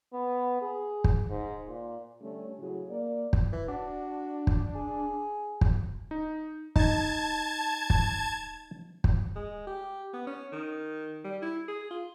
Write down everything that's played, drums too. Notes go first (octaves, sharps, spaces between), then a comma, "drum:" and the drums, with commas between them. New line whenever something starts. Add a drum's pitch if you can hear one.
B3
G#4
drum: kick
G#2
A#2
D3 G3 A3 C#4
A2 C#3 F#3 E4 F#4 G#4
A#3 D5
drum: kick
E3
D4 F#4
drum: kick
G#4
drum: kick
D#4
D#4 A5 G#6, drum: kick
drum: kick
drum: kick
G#3
G4
B3
C#4
D#3
G3
E4
G#4
F4